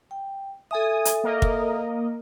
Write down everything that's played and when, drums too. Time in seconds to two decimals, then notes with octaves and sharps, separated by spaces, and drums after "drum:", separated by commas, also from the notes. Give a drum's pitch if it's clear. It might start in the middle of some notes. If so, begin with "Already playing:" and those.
0.11 G5
0.71 A4 E5 G#5 D#6
1.05 drum: hi-hat
1.24 A#3 A#4 D#5
1.42 drum: kick